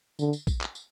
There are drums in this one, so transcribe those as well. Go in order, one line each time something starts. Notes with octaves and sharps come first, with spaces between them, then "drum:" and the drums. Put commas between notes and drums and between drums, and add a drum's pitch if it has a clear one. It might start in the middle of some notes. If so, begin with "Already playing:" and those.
D3, drum: tambourine
drum: tambourine
drum: kick A#1, tambourine
drum: clap
drum: tambourine